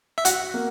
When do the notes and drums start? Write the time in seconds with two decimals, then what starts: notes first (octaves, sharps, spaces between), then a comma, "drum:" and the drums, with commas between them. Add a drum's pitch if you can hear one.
0.18 E5
0.25 F#4 F#5, drum: hi-hat
0.54 A#3